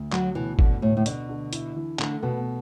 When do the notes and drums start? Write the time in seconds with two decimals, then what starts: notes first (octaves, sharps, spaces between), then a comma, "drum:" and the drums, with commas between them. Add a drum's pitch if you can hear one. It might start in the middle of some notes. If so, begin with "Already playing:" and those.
Already playing: D2
0.12 F#3 F#4, drum: clap
0.35 B2 E3
0.59 D3 A3, drum: kick
0.82 D2 A2
0.97 A2
1.06 B2 D4, drum: hi-hat
1.29 D3
1.53 E4, drum: hi-hat
1.76 E3
1.99 D3 A3, drum: clap
2.23 B2 B3